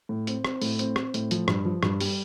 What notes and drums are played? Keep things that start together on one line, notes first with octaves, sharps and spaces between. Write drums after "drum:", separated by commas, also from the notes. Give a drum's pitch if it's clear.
A2
C4, drum: hi-hat
C4, drum: rim click
A2, drum: open hi-hat
C4, drum: hi-hat
C4, drum: rim click
A2, drum: hi-hat
F3, drum: hi-hat
G2, drum: rim click
F3
G2, drum: rim click
G3, drum: open hi-hat